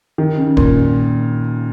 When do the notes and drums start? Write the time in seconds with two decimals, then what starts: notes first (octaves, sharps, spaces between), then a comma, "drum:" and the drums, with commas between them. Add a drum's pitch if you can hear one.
0.18 D#3
0.38 C#3
0.57 A#2, drum: kick D1